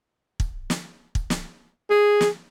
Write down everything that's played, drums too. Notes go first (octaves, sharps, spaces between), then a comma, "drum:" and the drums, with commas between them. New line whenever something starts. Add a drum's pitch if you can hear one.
drum: kick
drum: snare
drum: kick
drum: snare
G#4
drum: snare